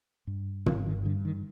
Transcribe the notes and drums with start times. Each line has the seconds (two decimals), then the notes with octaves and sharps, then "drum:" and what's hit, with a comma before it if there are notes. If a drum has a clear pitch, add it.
0.27 G2
0.66 G1 D3 F3, drum: tom
0.86 D#3
1.05 G2 D3
1.25 D#3